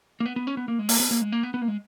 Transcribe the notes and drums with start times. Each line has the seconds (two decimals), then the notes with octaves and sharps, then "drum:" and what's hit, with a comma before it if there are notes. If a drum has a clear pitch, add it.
0.20 A#3
0.26 B3
0.36 B3
0.47 C#4
0.57 B3
0.68 A#3
0.79 G#3
0.89 A#3, drum: open hi-hat
1.00 B3
1.11 A#3
1.22 G#3
1.32 A#3
1.43 B3
1.54 B3
1.62 A#3
1.68 G#3